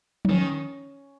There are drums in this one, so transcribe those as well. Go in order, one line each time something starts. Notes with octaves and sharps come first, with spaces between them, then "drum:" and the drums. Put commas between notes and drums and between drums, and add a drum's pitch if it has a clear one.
D#4, drum: tom F3
D#3 C#4